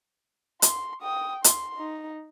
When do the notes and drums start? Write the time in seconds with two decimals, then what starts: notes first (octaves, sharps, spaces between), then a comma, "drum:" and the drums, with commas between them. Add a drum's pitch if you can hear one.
0.62 C6, drum: hi-hat
1.03 G5 D#6
1.44 C6, drum: hi-hat
1.78 D#4